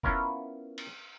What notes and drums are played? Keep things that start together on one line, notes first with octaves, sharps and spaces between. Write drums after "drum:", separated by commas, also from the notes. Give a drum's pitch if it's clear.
B3 C#4 E4 F4 A#4, drum: kick F1
drum: cymbal